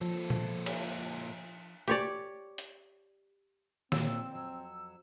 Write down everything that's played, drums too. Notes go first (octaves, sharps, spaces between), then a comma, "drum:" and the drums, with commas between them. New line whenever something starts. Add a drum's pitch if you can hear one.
A#2 F3 A4
drum: tom A#2
drum: cymbal
G4 C#5 D5, drum: hi-hat
drum: hi-hat
A#2 C4 E6, drum: snare
F2 F#3